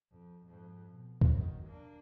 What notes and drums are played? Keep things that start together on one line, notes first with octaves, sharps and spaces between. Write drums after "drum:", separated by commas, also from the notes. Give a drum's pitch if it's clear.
F2
F2 G#2
B2
drum: kick
D#3 F#3
A#3 D4